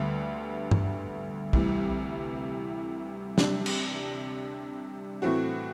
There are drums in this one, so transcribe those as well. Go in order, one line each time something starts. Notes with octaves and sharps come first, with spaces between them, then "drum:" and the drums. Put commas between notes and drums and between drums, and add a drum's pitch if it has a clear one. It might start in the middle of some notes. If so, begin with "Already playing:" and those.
Already playing: D2 D3 G3 B3
drum: tom G2
D2 C3 E3 G3, drum: kick
C3 G3 D4, drum: snare
drum: cymbal
A2 E3 A3 C4 F#4